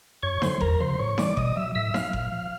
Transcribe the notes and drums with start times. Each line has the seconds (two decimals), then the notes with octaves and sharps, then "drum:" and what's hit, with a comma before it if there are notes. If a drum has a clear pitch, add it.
0.23 F#2 C#5 C#6
0.42 D3 F#3 C5 C6, drum: snare D#4
0.61 E2 A#4 A#5, drum: kick G1
0.80 C#3 F3 C5 C6
0.99 A2 C#5 C#6
1.18 E3 G3 D5 D6, drum: snare D#4
1.37 B2 D#5 D#6, drum: kick G1
1.56 F#3 E5 E6
1.75 A2 E5 E6
1.94 F#3 F5 F6, drum: snare D#4
2.13 A#2, drum: kick G1
2.32 F3